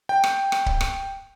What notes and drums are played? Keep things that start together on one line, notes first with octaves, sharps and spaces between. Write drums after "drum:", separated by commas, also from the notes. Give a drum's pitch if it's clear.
G5
drum: rim click
drum: rim click
drum: kick C#1
drum: rim click